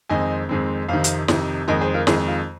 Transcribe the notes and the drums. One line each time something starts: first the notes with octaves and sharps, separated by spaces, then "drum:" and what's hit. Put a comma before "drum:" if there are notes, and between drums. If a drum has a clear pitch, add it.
F2 D#3 G#3 C4 D#5 G#5
F2 D#3 G#3 C4
F2 C3 D#3 C5 F5
drum: hi-hat
F2 C3 D#3, drum: snare
F2 D#3 G#3 A#4 D#5
G#4 C5
F4 A#4
F2 D#3 G#3 D#4 G#4, drum: snare
F4